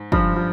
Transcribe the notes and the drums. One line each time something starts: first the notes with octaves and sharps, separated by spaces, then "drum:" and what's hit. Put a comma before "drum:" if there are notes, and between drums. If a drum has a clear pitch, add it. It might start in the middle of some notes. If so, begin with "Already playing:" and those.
Already playing: G#2
G2 F3, drum: kick
F3